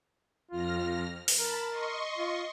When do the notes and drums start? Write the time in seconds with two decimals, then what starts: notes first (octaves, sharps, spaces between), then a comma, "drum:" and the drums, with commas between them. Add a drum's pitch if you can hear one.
0.51 F2 F4 F6 A#6
1.28 drum: open hi-hat
1.39 A#4 A5 B5 A6
1.70 D#5 C6 C#6
2.17 F4